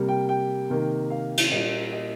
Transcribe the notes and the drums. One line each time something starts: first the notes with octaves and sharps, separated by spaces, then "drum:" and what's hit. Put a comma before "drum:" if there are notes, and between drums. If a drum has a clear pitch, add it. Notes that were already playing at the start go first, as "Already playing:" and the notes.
Already playing: C3 G3 A#3
G5
G5
C3 D#3 A#3
F5
drum: cymbal
A#2 G3 A#3 D#5
D#5